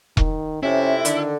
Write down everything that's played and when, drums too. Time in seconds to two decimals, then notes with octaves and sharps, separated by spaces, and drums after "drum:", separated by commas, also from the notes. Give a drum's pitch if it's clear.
0.17 D#3, drum: kick E1
0.63 F2 C3 C#4 E4
1.05 D3 D#3, drum: hi-hat